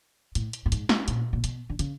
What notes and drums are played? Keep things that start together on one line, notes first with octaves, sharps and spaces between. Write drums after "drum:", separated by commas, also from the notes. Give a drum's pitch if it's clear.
A2, drum: hi-hat
drum: hi-hat
A2
G#2, drum: hi-hat
drum: snare
A#2, drum: hi-hat
A#2
B2, drum: hi-hat
D3
C#3, drum: hi-hat